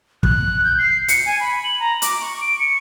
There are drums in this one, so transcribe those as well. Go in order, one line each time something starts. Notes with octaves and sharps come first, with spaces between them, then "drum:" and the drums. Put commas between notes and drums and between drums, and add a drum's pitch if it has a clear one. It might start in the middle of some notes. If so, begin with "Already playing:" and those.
F#6, drum: kick
G6
C7
C#7, drum: hi-hat
G#5
B5
F#7
A#5
D6, drum: hi-hat
C#6
D7
C#7